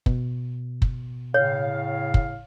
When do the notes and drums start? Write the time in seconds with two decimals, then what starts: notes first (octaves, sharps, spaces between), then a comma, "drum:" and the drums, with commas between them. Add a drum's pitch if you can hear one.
0.06 B2, drum: kick
0.82 drum: kick
1.34 A2 C#3 C#5 F5
2.14 drum: kick